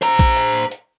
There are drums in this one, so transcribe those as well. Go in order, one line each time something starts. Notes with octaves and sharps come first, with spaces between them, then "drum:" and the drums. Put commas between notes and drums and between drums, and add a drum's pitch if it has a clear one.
C5 A#5, drum: hi-hat
drum: kick A#1
drum: hi-hat
drum: hi-hat